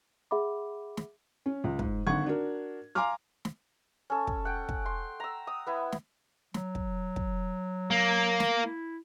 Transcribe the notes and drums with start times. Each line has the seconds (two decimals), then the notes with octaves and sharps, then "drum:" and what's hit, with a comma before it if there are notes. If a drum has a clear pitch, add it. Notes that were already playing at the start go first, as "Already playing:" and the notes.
0.31 G#4 E5 F#5 B5 D6
0.97 drum: snare
1.46 C#4
1.64 C#2
1.79 G#2, drum: kick
2.07 G#1 D3 F#5 C#6 G#6
2.26 D4 F#4 A#4
2.95 F5 G#5 A#5 C6 D6 F6
3.45 drum: snare
4.10 C#4 A4
4.27 drum: kick
4.45 F#5 G5
4.69 drum: kick
4.86 C6
5.20 A#5 E6
5.47 D#6
5.66 B3 E4
5.92 drum: snare
6.54 F#3, drum: snare
6.75 drum: kick
7.16 drum: kick
7.91 A#3
8.40 drum: snare
8.63 E4